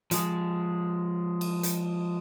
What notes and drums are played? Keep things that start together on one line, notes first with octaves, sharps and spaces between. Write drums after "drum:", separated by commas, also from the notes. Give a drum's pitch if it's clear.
F3 G#3, drum: hi-hat
drum: cymbal
drum: hi-hat